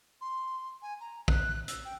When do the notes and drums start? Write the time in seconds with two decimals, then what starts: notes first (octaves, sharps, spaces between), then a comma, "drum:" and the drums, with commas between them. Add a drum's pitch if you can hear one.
0.21 C6
0.82 G#5
1.00 A#5
1.28 F#6, drum: kick A#1
1.68 E6, drum: hi-hat
1.85 G5